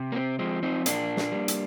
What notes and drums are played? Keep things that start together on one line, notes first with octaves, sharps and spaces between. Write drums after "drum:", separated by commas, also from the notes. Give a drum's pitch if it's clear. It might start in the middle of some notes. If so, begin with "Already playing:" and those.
Already playing: C3
A#3
C4
F3 G#3 C4
C4 D#4
A#2 A#3 D4, drum: hi-hat
drum: snare
G3
drum: hi-hat